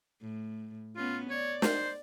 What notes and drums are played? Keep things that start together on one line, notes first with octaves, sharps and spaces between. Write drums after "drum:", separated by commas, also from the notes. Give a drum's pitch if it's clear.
A2
B3 C#4 F4
C#5 D5
C5, drum: snare